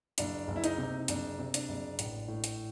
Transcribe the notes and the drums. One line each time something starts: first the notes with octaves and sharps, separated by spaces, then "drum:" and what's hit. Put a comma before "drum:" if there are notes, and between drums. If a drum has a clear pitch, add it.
F#1 D4, drum: hi-hat
F#1
E4
D#4, drum: hi-hat
C3
F#1 D4, drum: hi-hat
C3
D4, drum: hi-hat
F#1
A1, drum: hi-hat
A2
drum: hi-hat